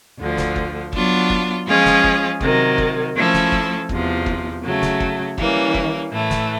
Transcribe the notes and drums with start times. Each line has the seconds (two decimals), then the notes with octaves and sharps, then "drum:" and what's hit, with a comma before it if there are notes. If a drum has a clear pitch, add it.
0.19 D2 D3 F3
0.37 drum: snare
0.56 drum: kick
0.93 F#3 B3 D4 F4, drum: kick
1.30 drum: kick
1.67 F3 G#3 C#4 F4 G#4
1.85 drum: snare
2.04 drum: kick
2.41 C3 D#3 F#3, drum: kick
2.78 drum: kick
3.15 F3 A3 C#4 E4 A4
3.34 drum: snare
3.52 drum: kick
3.89 E2 C3 F3, drum: kick
4.26 drum: kick
4.63 C#3 F#3 A3
4.82 drum: snare
5.00 drum: kick
5.38 E3 G3 A#3 C#4, drum: kick
5.74 drum: kick
6.11 A2 E3 A3
6.30 drum: snare